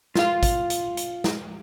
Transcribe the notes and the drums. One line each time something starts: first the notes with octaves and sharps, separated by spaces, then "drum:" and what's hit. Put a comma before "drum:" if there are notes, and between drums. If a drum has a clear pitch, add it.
F4 F5, drum: snare
drum: kick, hi-hat
drum: hi-hat
drum: hi-hat
drum: snare